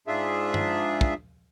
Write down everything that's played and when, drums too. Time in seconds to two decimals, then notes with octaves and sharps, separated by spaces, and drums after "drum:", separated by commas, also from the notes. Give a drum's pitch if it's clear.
0.07 G#2 D4 F4 G#4 E5
0.54 drum: tom G2
1.01 drum: kick